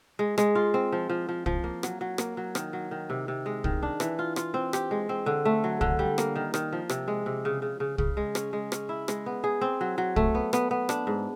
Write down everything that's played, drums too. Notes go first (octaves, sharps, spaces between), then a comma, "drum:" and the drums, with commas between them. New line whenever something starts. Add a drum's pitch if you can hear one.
G#3
G#3, drum: rim click
F4
C4
F3
F3
F3
F3, drum: kick
A#3
F#3, drum: rim click
F#3
A#3, drum: rim click
F#3
D#3, drum: rim click
F#3
D#3
C3
C3
G#3
D#3, drum: kick
D4
E3, drum: rim click
F4
F4, drum: rim click
C4
G4, drum: rim click
G#3
C4
D3
A3
F#3
D3, drum: kick
G3
A#3, drum: rim click
D#3
D#3, drum: rim click
F3
C3, drum: rim click
G#3
C3
C#3
C#3
C#3
C#3, drum: kick
G#3
C#4, drum: rim click
G#3
C#4, drum: rim click
E4
G#3, drum: rim click
B3
G#4
C4
F#3
F#3
A3, drum: kick
B3
B3, drum: rim click
B3
D4, drum: rim click
G#2